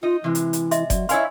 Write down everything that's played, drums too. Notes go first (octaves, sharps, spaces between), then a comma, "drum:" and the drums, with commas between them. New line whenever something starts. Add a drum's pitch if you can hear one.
D#4 F4 D#5
C3 E3 G#3
drum: hi-hat
drum: hi-hat
D#5 E5 C6, drum: hi-hat
F#3 D5, drum: kick F#1, hi-hat
E4 C#5 D#5 F5 G#5 C6, drum: hi-hat